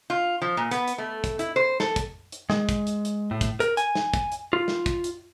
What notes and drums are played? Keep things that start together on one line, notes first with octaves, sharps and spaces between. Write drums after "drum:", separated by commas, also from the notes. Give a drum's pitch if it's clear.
F4
F3
A#2
B3, drum: hi-hat
drum: hi-hat
A3
drum: kick, hi-hat
E4, drum: hi-hat
C5
A4, drum: snare
drum: kick, hi-hat
drum: hi-hat
G#3, drum: snare
drum: kick, hi-hat
drum: hi-hat
drum: hi-hat
A2
drum: kick, hi-hat
A#4, drum: hi-hat
G#5, drum: hi-hat
drum: snare
drum: kick, hi-hat
drum: hi-hat
F4
drum: snare
drum: kick, hi-hat
drum: hi-hat